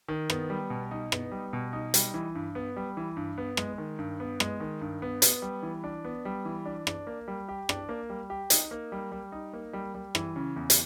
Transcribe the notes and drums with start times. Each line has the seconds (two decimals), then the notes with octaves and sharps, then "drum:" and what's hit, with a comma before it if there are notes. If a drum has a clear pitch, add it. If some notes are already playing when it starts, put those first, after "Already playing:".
0.09 D#3
0.30 B3, drum: rim click
0.50 G3
0.70 B2
0.91 D#4
1.12 B3, drum: rim click
1.31 G3
1.53 B2
1.73 D#4
1.94 G3, drum: hi-hat
2.14 E3
2.35 G2
2.55 B3
2.76 G3
2.97 E3
3.17 G2
3.38 B3
3.57 G#3, drum: rim click
3.78 D#3
3.99 G2
4.20 B3
4.40 G#3, drum: rim click
4.60 D#3
4.81 G2
5.02 B3
5.22 B3, drum: hi-hat
5.42 G3
5.63 E3
5.84 D4
6.05 B3
6.25 G3
6.45 E3
6.66 D4
6.87 D4, drum: rim click
7.07 A#3
7.28 G3
7.49 G4
7.69 D4, drum: rim click
7.89 A#3
8.09 G3
8.30 G4
8.50 D#4, drum: hi-hat
8.71 A#3
8.92 G3
9.12 G3
9.32 D#4
9.53 A#3
9.73 G3
9.95 G3
10.15 E3, drum: rim click
10.36 C#3
10.56 E2
10.70 drum: hi-hat